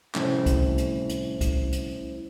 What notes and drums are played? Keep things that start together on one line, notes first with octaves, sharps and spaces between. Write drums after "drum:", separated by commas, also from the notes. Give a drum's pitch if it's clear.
C2 F2 A2 C#4 E4 C5, drum: clap
drum: kick C2, hi-hat
drum: hi-hat
drum: hi-hat
drum: kick C2, hi-hat
drum: hi-hat